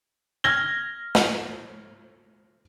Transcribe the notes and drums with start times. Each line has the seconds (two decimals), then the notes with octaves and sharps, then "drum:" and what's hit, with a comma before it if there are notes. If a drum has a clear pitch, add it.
0.44 F6 G#6 A#6 G7
1.15 drum: snare